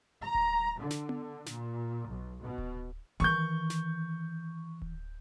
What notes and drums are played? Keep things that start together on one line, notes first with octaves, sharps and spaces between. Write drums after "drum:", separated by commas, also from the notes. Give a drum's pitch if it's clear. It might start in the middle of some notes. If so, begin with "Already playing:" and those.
A#5
drum: kick D1
D3
drum: snare
drum: tom B3
A#2, drum: snare
B1
B2
drum: kick D1
D#3 E3 C#6 G6
drum: snare
drum: kick D1